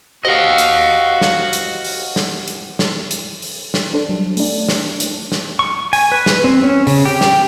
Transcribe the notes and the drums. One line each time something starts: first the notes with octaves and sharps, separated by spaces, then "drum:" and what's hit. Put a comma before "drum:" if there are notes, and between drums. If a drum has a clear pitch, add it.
F#4 G4 C5 D#5 F5
drum: hi-hat
drum: snare
drum: hi-hat
drum: open hi-hat
drum: snare
drum: hi-hat
drum: snare
drum: hi-hat
drum: open hi-hat
drum: snare
D4 A4 C5
F#3 G3
A3 D4, drum: open hi-hat
drum: snare
drum: hi-hat
drum: snare
C#6
G#5, drum: open hi-hat
B4
drum: snare
C4
C#4
C#3, drum: open hi-hat
G4
drum: snare